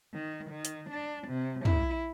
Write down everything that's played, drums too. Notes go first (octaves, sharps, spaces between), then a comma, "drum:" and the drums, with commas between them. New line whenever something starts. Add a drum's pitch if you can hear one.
D#3
D#3
drum: hi-hat
D4
C3
E4, drum: tom